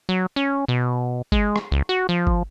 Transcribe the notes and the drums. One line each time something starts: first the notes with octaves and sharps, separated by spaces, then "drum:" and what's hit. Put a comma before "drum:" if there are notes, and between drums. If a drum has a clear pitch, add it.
F#3
C#4
B2
G#3, drum: kick G1
drum: rim click
C#2
F#4
F3
drum: kick G1